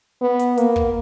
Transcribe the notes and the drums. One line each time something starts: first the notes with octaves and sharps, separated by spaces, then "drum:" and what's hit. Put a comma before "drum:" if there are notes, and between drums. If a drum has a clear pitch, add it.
B3
drum: hi-hat
A#3, drum: hi-hat
drum: kick